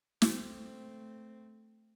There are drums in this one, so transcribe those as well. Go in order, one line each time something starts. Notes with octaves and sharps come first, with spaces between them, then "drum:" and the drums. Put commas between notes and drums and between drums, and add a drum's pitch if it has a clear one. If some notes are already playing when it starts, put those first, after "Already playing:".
A3 C4, drum: snare